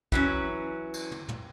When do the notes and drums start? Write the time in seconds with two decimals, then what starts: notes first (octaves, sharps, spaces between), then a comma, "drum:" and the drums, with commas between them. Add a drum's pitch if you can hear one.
0.12 E3 F#3 C#4, drum: kick
0.94 drum: cymbal
1.12 drum: tom
1.28 drum: tom